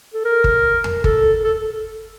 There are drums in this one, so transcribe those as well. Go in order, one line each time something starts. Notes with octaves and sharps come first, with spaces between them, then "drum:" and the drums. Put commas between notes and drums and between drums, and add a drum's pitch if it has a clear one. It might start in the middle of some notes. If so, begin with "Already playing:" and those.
A4
A#4
drum: kick G1
drum: tom E2
A4, drum: kick G1
A4